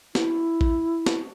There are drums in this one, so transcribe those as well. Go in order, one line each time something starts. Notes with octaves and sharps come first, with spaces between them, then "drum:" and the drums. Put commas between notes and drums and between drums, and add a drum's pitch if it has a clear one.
E4, drum: snare
drum: kick
drum: snare